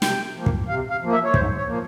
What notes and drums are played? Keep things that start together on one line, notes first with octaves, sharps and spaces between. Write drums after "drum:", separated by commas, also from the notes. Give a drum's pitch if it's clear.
C3 G5, drum: snare
F3 A#3
drum: kick
C3 F5
F5
F3 A#3
E5
C#5
G#2 C5, drum: kick
C#5
F3 A#3